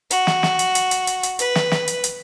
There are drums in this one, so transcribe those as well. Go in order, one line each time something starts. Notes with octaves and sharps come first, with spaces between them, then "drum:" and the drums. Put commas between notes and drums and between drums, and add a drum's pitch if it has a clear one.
F#4, drum: hi-hat
drum: snare
drum: snare
drum: hi-hat
drum: hi-hat
drum: hi-hat
drum: hi-hat
drum: hi-hat
B4, drum: hi-hat
drum: snare
drum: snare
drum: hi-hat
drum: hi-hat